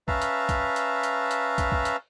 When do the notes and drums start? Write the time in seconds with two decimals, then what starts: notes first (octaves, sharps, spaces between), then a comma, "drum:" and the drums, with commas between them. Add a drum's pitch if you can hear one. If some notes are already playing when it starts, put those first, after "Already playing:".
0.08 C#4 B4 E5 F5 A5 A#5, drum: kick
0.22 drum: hi-hat
0.49 drum: kick, hi-hat
0.76 drum: hi-hat
1.03 drum: hi-hat
1.31 drum: hi-hat
1.58 drum: kick, hi-hat
1.72 drum: kick
1.85 drum: hi-hat